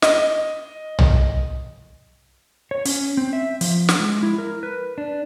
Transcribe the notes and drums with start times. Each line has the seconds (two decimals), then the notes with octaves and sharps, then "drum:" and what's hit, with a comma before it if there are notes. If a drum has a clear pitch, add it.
0.02 D#5, drum: snare
0.99 drum: tom
2.71 C#5
2.85 C#4, drum: hi-hat
3.17 C4
3.33 E5
3.61 F3, drum: hi-hat
3.89 drum: snare
4.00 G#3
4.23 E4
4.38 A#4
4.63 B4
4.98 D4